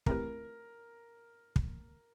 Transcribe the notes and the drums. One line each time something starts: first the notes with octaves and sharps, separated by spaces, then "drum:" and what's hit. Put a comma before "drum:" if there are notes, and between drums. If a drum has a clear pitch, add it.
A3 C4 E4 G4 A#4 B4, drum: kick
drum: kick